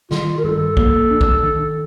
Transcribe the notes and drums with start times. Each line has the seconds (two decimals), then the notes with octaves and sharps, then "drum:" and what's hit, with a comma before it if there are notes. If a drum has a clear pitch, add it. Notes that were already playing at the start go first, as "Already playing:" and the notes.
0.11 D#3 F4, drum: snare
0.39 A#4
0.44 G2 A4
0.77 A#3, drum: kick
1.10 D4
1.21 drum: kick
1.43 D#3